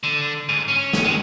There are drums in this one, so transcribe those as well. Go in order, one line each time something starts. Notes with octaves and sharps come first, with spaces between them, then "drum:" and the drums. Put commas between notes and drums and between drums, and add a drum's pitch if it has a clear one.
D3
G#2
C#4
drum: snare
G#3